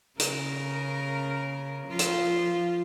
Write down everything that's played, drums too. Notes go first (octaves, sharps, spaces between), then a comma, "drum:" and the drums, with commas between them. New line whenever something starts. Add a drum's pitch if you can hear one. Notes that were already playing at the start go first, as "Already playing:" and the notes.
C#3 A#4, drum: hi-hat
F3 F4
drum: hi-hat